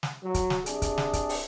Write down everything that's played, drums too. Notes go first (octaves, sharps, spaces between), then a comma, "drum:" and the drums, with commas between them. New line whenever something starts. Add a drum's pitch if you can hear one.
drum: snare
F#3
drum: kick, hi-hat
drum: snare
C3 D4 G#4, drum: hi-hat
drum: kick, hi-hat
drum: snare
drum: kick, hi-hat
drum: open hi-hat